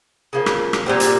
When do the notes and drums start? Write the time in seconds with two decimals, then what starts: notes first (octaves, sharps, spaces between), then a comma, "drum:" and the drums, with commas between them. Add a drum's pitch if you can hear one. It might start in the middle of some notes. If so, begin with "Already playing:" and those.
0.33 C#3 F3 A#3
0.46 drum: rim click
0.73 drum: rim click
0.86 A#2 G3 C4
1.00 drum: hi-hat